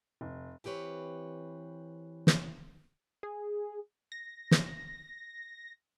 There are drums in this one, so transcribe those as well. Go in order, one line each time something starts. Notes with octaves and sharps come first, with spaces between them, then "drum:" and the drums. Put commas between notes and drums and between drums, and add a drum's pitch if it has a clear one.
F1
E3 C4 G4 B4 C#5
drum: snare
G#4
A#6
drum: snare